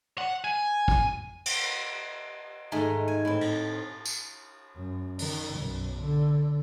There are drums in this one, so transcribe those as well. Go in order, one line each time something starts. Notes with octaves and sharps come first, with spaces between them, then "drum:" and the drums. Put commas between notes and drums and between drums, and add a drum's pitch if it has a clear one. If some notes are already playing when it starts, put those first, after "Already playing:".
F#5
G#5
drum: kick
drum: cymbal
G#2 D#3 G#3 A3
G#5
A2 C4
drum: cymbal
drum: tambourine
F#2
D#3, drum: open hi-hat
B1 F#2
D3